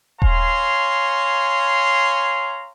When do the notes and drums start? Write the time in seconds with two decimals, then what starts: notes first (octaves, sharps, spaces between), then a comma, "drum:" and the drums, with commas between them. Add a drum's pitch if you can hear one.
0.22 C#5 F5 G#5 A#5 C6, drum: kick D#1